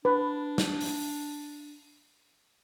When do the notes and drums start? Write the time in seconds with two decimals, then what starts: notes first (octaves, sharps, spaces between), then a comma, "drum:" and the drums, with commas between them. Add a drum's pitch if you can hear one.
0.05 D4 B4
0.58 drum: snare
0.81 drum: open hi-hat